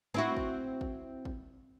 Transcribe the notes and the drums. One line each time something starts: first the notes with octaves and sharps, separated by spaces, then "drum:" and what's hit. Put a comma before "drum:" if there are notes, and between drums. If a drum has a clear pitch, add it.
C4 E4 F#4
drum: kick
drum: kick
drum: kick